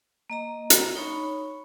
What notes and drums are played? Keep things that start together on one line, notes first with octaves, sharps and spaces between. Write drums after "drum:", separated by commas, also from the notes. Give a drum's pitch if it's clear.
A#3 D#5 A#5
drum: hi-hat
D#4 C#5 B5 C#6